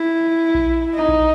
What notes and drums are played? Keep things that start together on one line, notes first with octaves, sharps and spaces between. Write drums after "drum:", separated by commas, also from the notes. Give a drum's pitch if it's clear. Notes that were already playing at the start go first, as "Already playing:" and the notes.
Already playing: E4
drum: kick A#1
D#4
drum: kick A#1